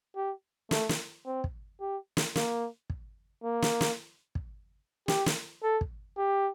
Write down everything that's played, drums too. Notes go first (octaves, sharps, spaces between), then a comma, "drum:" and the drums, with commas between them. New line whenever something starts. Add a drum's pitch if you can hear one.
G4
A3, drum: snare
drum: snare
C4
drum: kick
G4
drum: snare
A#3, drum: snare
drum: kick
A#3
drum: snare
drum: snare
drum: kick
G4, drum: snare
drum: snare
A4
drum: kick
G4